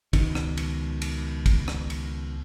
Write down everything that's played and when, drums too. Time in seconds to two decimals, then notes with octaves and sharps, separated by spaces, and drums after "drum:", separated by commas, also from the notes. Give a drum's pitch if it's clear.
0.13 C#2 B2 D#3, drum: kick, cymbal
0.35 drum: rim click
0.57 drum: cymbal
1.02 drum: cymbal
1.46 drum: kick, cymbal
1.68 drum: rim click
1.90 drum: cymbal